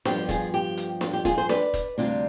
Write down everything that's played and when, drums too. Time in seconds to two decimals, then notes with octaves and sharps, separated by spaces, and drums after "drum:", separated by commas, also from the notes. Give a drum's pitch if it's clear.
0.05 G2 F3 B3 G4, drum: snare D4
0.29 F4 G#4, drum: kick, hi-hat
0.54 G4
0.77 drum: hi-hat
1.01 F4, drum: snare D4
1.13 G4
1.25 F4 G#4, drum: kick, hi-hat
1.37 G#4 C5
1.49 B4 D5, drum: snare D4
1.74 drum: kick, hi-hat
1.98 D2 C3 G3 D4 F4